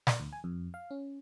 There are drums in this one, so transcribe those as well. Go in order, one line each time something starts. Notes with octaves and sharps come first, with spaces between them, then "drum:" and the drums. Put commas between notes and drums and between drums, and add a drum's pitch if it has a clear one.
D5, drum: snare
D2
G#5
F2
F5
C#4